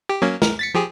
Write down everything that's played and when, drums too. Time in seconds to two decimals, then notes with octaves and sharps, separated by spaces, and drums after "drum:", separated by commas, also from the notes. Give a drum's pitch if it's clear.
0.09 G4
0.22 F#3 A#3 C#4
0.42 A#4, drum: snare
0.59 A6 B6 C#7
0.74 F3 G4 G#4